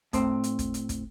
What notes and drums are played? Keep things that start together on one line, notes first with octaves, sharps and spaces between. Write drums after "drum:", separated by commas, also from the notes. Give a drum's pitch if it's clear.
A2 C4, drum: kick, hi-hat
drum: hi-hat
drum: kick, hi-hat
drum: hi-hat
drum: kick, hi-hat